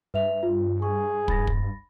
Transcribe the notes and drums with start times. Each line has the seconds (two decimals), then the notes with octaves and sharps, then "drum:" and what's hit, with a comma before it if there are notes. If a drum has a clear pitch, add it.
0.14 G2 B4 E5 F7
0.43 F4
0.82 G#4 C#6
1.28 B5 A6 A#6, drum: kick
1.47 drum: kick